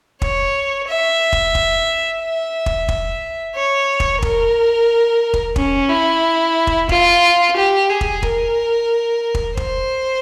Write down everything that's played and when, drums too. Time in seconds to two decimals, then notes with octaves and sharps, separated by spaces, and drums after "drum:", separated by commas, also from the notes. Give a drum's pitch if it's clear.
0.22 C#5, drum: kick
0.88 E5
1.33 drum: kick
1.55 drum: kick
2.22 E5
2.66 drum: kick
2.88 drum: kick
3.55 C#5
4.00 drum: kick
4.22 A#4, drum: kick
5.34 drum: kick
5.56 C#4, drum: kick
5.89 E4
6.67 drum: kick
6.89 F4, drum: kick
7.56 G4
7.90 G#4
8.01 drum: kick
8.23 A#4, drum: kick
9.35 drum: kick
9.57 C5, drum: kick